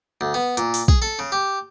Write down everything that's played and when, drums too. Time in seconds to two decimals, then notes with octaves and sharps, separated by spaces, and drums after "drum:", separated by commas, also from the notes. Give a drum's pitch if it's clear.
0.21 D2
0.34 B3
0.57 A#2, drum: hi-hat
0.74 drum: open hi-hat
0.88 G#4, drum: kick
1.02 A4
1.19 C#3
1.32 G4